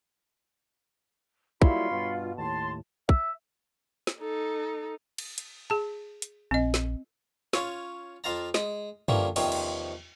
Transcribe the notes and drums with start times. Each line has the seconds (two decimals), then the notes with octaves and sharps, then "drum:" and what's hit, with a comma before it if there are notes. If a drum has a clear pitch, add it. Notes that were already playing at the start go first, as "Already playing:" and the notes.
1.62 F#3 G3 A#3 E4 F4 C#5 B5 C6, drum: kick
1.91 G2 B2
2.38 D#2 A2 A5 C6
3.09 E5, drum: kick
4.07 drum: snare
4.20 D#4 A4
5.18 drum: cymbal
5.38 drum: hi-hat
5.70 G#4 A5
6.22 drum: hi-hat
6.51 A#1 C4 D#5
6.74 drum: snare
7.53 C#4 F4 C#5, drum: snare
8.24 F2 F4 F5 A5 A#5
8.54 G#3, drum: snare
9.08 D3 E3 F3 G3 A#3 C#4, drum: tom
9.36 E2 C3 D#3 F3 C4 C#4, drum: open hi-hat
9.52 drum: cymbal